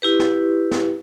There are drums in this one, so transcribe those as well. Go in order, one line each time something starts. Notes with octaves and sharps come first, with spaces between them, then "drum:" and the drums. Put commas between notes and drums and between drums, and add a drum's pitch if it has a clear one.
E4 G4 B4
drum: snare
drum: snare